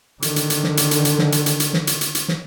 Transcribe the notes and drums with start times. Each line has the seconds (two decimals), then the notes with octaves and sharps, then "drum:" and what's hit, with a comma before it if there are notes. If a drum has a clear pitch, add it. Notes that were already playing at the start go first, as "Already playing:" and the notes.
0.22 D3 D#3, drum: hi-hat
0.36 drum: hi-hat
0.50 drum: hi-hat
0.64 drum: snare
0.77 drum: hi-hat
0.91 drum: hi-hat
1.05 drum: hi-hat
1.19 drum: snare
1.32 drum: hi-hat
1.46 drum: hi-hat
1.60 drum: hi-hat
1.73 drum: snare
1.87 drum: hi-hat
2.01 drum: hi-hat
2.15 drum: hi-hat
2.28 drum: snare